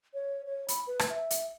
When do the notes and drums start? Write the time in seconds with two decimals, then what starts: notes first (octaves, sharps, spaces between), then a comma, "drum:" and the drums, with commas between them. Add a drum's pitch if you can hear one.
0.14 C#5
0.46 C#5
0.68 B5, drum: hi-hat
0.87 B4
0.99 drum: rim click
1.09 E5
1.30 drum: hi-hat